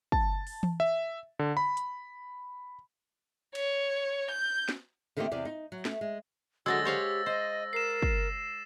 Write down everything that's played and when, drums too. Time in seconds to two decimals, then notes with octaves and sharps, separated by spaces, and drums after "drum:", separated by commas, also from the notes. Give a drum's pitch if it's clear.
0.12 A5, drum: kick
0.47 drum: open hi-hat
0.63 drum: tom E3
0.80 E5
1.39 D3
1.57 B5
1.77 drum: hi-hat
3.55 C#5, drum: cymbal
4.30 G6
4.69 drum: snare
5.17 D3 D#3 A3 A#3 C4 G4
5.31 E2 C3 D5
5.45 D#4
5.72 F#3
5.85 A3, drum: snare
6.01 G#3
6.66 D3 F#3 G#3 F#4 E6 A6 A#6
6.85 G4 C5 C#5 F5
7.26 C5 D#5
7.73 A#4 C7 E7
8.02 drum: kick